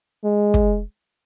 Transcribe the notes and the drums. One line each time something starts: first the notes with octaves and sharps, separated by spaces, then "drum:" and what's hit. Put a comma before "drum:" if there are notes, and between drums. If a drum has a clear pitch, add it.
G#3
drum: kick